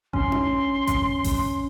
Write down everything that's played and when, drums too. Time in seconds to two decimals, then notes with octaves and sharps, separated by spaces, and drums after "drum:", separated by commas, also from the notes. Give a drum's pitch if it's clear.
0.13 C#4 C6, drum: kick A1
0.32 drum: tom D4
0.87 drum: kick A1, hi-hat
1.24 drum: kick A1, open hi-hat